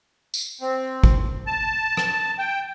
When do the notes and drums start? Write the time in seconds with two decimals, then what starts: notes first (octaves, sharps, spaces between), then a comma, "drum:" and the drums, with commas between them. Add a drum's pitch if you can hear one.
0.34 drum: tambourine
0.61 C4
1.04 drum: kick
1.47 A5
1.97 drum: rim click
2.39 G5